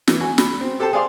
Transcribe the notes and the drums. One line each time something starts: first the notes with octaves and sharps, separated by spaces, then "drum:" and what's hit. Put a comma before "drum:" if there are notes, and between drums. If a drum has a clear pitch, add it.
E3, drum: snare
F#4 G#5
B5, drum: snare
C4
G4 A4 C5 G5 A5
G#4 C5 D5 F5 C6 D6